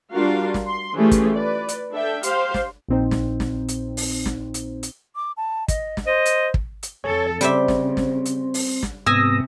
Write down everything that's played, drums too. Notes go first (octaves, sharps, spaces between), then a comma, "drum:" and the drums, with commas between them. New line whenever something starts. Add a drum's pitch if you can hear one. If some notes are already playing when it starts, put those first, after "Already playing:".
G3 D4 F4 F#4 A#4 F5
drum: snare
C6
E3 A3 C#4 F4 G4 G#4
drum: kick, hi-hat
B4 D5
drum: hi-hat
D4 A4 E5 G5
G4 C5 F5 C6, drum: hi-hat
drum: snare
A#1 A#2 C4 D#4 C5
drum: snare
drum: snare
drum: hi-hat
drum: open hi-hat
drum: snare
drum: hi-hat
drum: hi-hat
D6
A5
D#5, drum: kick, hi-hat
drum: snare
C5 D#5
drum: hi-hat
drum: kick
drum: hi-hat
F2 A4 C#5 G#5
C#3 G3 C4 C5 E5, drum: hi-hat
drum: snare
drum: snare
drum: hi-hat
drum: open hi-hat
drum: snare
G#2 C3 B3 G#5 D#6 E6 A#6